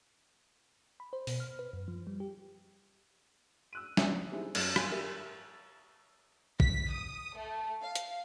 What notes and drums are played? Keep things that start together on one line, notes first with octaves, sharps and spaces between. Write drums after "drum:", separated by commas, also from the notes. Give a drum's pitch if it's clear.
B5
C5
B2, drum: open hi-hat
F6
B4
F#2
F3
G3
G4
E6 F#6 D#7
E5 D#6 E6, drum: snare
G3 C4 D#4 E4 G#4
F#2, drum: cymbal
F5 G#5 C6 D#7, drum: rim click
G4 A#4 E5 G#5
B6, drum: kick
D#6
A3
F5
drum: hi-hat